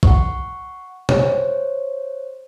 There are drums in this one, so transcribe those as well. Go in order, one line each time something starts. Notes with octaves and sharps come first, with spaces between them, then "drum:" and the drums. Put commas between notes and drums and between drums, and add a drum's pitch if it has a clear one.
F#5 C#6, drum: kick
C5 C#5, drum: tom